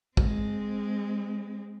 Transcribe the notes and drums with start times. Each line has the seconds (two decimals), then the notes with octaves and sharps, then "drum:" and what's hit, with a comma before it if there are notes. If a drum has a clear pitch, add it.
0.17 G#3 C4, drum: kick